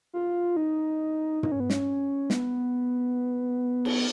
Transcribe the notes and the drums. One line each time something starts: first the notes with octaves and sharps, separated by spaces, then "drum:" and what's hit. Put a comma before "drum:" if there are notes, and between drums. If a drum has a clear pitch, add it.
F4
D#4
D#4, drum: tom
C#4
B3
C#4, drum: snare
B3, drum: snare
drum: cymbal